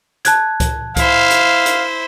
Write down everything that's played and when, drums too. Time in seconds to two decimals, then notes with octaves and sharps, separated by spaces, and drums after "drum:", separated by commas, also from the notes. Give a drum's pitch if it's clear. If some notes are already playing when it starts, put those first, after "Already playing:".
0.25 A5 F#6 G#6, drum: hi-hat
0.60 drum: kick C#2, hi-hat
0.96 E4 C5 F5, drum: kick C#2, hi-hat
1.31 drum: hi-hat
1.66 drum: hi-hat